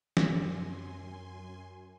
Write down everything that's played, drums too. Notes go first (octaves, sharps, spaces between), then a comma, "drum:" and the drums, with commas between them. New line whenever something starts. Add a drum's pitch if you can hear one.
F#2 G#5 C6, drum: snare